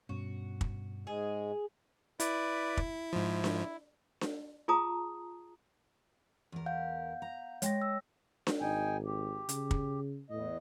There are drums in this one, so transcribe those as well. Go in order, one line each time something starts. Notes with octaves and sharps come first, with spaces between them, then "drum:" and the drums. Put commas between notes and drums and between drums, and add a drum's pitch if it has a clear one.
G2 B2 C#4 F#4
drum: kick
G#2 G#3 G#4
E4 B4 D5, drum: hi-hat
drum: kick
G#2 F3 E4
drum: snare D4
drum: snare D4
F4 G#4 A5 A#5 C#6 D#6
E2 A#4
F5 F#5 G6
A#5
G#3 C#5 G5 A#6, drum: hi-hat
E6
drum: snare D4
G#1 D#4 G5 G#5
G4
C#3, drum: hi-hat
drum: kick
E2 A2 D#5